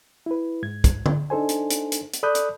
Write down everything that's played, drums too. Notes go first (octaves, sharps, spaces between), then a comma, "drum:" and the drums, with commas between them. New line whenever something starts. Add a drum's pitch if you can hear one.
E4 B4
G#2 G#6
drum: kick, hi-hat
drum: tom
D4 D#4 A4 C5 G#5
drum: hi-hat
drum: hi-hat
drum: hi-hat
drum: hi-hat
A4 D5 B5 D#6 F#6 G6
drum: hi-hat